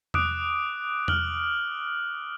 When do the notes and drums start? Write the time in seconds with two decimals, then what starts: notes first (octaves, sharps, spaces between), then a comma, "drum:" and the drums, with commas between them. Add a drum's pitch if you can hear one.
0.14 D6 D#6 F#6 D7, drum: tom E2
1.08 F6 F#7, drum: tom E2